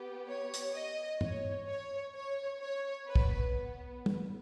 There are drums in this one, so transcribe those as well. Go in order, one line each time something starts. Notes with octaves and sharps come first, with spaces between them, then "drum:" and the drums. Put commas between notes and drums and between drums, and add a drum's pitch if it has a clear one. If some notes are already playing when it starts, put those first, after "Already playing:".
Already playing: B3 G4
C#5
drum: hi-hat
D#5
C#5, drum: tom
C#5
C#5
C#5
B3 B4
drum: kick
drum: tom